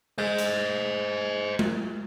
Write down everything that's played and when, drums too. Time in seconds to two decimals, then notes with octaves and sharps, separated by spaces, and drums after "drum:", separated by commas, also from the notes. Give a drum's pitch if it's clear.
0.18 G#3 C5 D#5
0.38 drum: hi-hat
1.59 drum: tom G#3